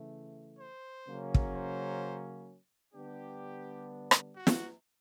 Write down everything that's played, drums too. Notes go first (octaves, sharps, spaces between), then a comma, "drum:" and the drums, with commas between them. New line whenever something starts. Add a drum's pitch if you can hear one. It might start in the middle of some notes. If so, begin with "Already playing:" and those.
Already playing: C#3 E3 A3
C5
C#3 F#3 A#3 C#4
drum: kick
C5
D3 G3 B3 D4 G4
drum: rim click
F#4
drum: snare